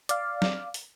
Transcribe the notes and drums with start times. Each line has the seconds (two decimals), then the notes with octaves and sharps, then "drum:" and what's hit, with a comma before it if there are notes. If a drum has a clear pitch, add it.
0.09 D5 F5, drum: hi-hat
0.42 drum: snare
0.74 drum: open hi-hat